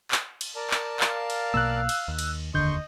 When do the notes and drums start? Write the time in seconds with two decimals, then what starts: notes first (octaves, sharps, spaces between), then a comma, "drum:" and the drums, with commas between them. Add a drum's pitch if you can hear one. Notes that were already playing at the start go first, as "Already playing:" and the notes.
0.11 drum: clap
0.41 drum: cymbal
0.56 A#4 D5 A5
0.70 drum: clap
1.00 F5, drum: clap
1.30 drum: cymbal
1.54 B1 B2 A#3 E6 F#6
1.89 drum: cymbal
2.08 D#2
2.19 drum: cymbal
2.54 F1 D#2 D3 D#5 C6 C#6 G6